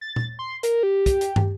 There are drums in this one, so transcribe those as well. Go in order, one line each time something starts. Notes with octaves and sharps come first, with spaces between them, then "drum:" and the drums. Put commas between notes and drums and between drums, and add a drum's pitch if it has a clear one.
A6
drum: tom A#2
C6
A#4, drum: hi-hat
G4
drum: kick, hi-hat
drum: hi-hat
drum: tom